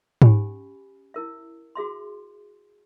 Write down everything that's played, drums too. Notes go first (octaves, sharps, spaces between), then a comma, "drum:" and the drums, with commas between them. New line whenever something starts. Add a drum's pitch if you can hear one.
C#4 G4 G#5 B5, drum: tom G#2
E4 A#4 E5
F#4 G#4 E5 C6